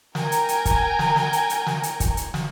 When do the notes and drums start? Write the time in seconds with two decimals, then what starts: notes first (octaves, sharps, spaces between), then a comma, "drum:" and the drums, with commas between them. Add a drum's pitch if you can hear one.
0.15 A#4 G5 G#5 A#5, drum: snare
0.32 drum: hi-hat
0.49 drum: hi-hat
0.65 drum: kick, hi-hat
0.99 drum: snare
1.16 drum: snare
1.33 drum: hi-hat
1.50 drum: hi-hat
1.66 drum: snare
1.83 drum: hi-hat
2.00 drum: kick, hi-hat
2.17 drum: hi-hat
2.34 drum: snare